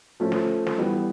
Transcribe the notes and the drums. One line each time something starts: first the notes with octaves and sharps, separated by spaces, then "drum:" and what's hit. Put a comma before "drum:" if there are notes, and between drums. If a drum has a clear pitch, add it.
F3 A3 C#4
drum: snare
drum: snare
E3 G3 B3